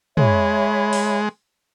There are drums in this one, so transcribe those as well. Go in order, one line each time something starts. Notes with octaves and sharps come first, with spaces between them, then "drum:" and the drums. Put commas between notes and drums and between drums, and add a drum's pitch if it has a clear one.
G#3 C#5 E5 B5, drum: tom
drum: open hi-hat